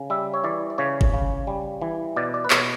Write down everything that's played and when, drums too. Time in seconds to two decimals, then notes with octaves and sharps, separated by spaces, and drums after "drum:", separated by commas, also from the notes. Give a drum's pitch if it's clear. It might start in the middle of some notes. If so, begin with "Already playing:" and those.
Already playing: C#3
0.10 G3 E5
0.34 C#5
0.44 E3 D5
0.70 D5
0.78 C#3 C#5
1.01 drum: kick F#1
1.14 C#3
1.47 G3
1.82 E3
2.16 B2 D5
2.34 D5
2.45 B4
2.50 B2 C#5, drum: clap